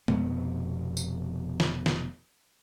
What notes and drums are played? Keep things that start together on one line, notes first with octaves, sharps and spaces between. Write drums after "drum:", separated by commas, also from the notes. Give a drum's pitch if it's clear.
F1 F2 B2 B3, drum: tom G#3
drum: tambourine
drum: snare
drum: snare